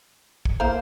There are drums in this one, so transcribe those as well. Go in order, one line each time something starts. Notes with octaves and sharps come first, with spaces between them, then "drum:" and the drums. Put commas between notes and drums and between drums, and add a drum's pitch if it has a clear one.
drum: kick
A#3 E4 C5 F5 A#5